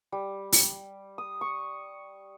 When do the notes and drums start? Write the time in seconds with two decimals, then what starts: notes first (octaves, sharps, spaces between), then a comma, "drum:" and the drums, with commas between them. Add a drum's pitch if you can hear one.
0.12 G3
0.52 drum: open hi-hat
1.18 D#6
1.41 C#6